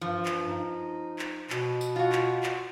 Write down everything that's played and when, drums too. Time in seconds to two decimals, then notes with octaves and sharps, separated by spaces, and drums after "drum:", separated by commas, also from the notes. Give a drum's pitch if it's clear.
0.01 G2 F3
0.25 drum: clap
0.48 D#4
1.19 drum: clap
1.50 B2, drum: clap
1.81 drum: tambourine
1.96 F4 F#4
2.12 drum: clap
2.43 drum: clap